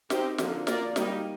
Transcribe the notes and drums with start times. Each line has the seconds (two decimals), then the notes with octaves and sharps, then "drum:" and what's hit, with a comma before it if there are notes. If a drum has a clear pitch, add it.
0.10 C4 D#4 G4 C5, drum: snare
0.38 D3 F3 A#3, drum: snare
0.67 A#3 F4 A#4 D5, drum: snare
0.96 D#3 G3 A#3 D#4 G4, drum: snare